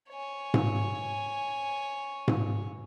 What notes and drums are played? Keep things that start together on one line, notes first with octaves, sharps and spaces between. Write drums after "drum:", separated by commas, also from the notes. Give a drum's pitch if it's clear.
C#5 G#5
drum: tom G#2
drum: tom G#2